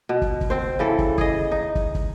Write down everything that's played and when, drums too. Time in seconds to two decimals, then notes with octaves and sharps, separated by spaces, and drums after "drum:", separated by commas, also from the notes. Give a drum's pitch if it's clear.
0.09 B2
0.22 drum: kick
0.41 drum: kick
0.50 C4 C5
0.79 C#3 E3 A4
0.98 drum: kick
1.18 G#4 D#5, drum: kick
1.51 D#4
1.75 drum: kick
1.95 drum: kick